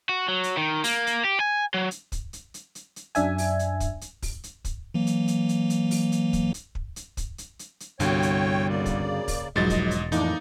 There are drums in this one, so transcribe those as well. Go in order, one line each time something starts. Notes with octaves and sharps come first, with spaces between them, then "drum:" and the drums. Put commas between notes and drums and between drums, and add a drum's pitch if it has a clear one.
F#4
F#3
drum: hi-hat
D#3
A#3, drum: open hi-hat
drum: hi-hat
G4
G#5
F#3
drum: hi-hat
drum: kick, hi-hat
drum: hi-hat
drum: hi-hat
drum: hi-hat
drum: hi-hat
F#2 D4 E5 G#5, drum: hi-hat
drum: open hi-hat
drum: hi-hat
drum: kick, hi-hat
drum: hi-hat
drum: kick, open hi-hat
drum: hi-hat
drum: kick, hi-hat
E3 F#3 A#3
drum: hi-hat
drum: hi-hat
drum: hi-hat
drum: hi-hat
drum: open hi-hat
drum: hi-hat
drum: kick, hi-hat
drum: hi-hat
drum: kick
drum: hi-hat
drum: kick, hi-hat
drum: hi-hat
drum: hi-hat
drum: hi-hat
C2 G2 D3 F#4 C#5 F5 G5, drum: hi-hat
drum: hi-hat
C#3 A#3 D5
drum: kick, hi-hat
drum: kick, open hi-hat
E1 A#1 G#2 F#3 C5 D#5 A6
drum: kick, hi-hat
drum: hi-hat
F2 A2 E3 A#3 D4 D#4 D5, drum: hi-hat